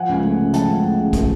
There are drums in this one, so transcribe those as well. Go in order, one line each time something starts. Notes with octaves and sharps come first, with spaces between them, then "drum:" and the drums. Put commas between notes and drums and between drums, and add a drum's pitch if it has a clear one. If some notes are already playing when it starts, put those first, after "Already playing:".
Already playing: F3 F#5 G#5
C#2
A3
C#3
F3 G5 A5, drum: hi-hat
C#2
A3
C#3
F3, drum: kick, hi-hat